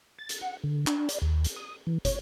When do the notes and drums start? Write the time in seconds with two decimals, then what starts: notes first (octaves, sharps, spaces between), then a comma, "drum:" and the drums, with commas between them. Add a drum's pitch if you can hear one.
0.19 A6
0.29 drum: hi-hat
0.41 F#5
0.64 D3
0.87 D4, drum: clap
1.09 D5, drum: hi-hat
1.22 D#2
1.44 drum: hi-hat
1.56 D#6
1.87 E3
2.05 C#5, drum: kick, hi-hat